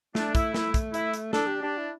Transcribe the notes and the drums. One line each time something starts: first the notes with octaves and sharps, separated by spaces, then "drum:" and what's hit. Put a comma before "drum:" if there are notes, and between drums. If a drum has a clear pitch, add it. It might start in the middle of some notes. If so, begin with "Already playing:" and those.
A3 D4, drum: snare
E4, drum: kick, hi-hat
E4, drum: snare
drum: kick, hi-hat
E4, drum: hi-hat
drum: hi-hat
D4 A4, drum: snare
G4
D4 G4
E4